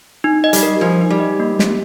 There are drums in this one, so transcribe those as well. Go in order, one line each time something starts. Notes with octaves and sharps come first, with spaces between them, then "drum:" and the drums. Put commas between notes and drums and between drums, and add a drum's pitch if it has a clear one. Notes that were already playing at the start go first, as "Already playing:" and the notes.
D#4
D#5
G3, drum: hi-hat
A#4
F3 D#4
D#4
G3
D#5
A#3
G4, drum: snare